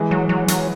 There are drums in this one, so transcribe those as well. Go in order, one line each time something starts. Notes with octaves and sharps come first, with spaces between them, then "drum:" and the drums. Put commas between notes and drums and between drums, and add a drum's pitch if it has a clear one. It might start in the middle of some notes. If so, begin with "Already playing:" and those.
Already playing: E3 G#3
F#3
F#3
F#3, drum: hi-hat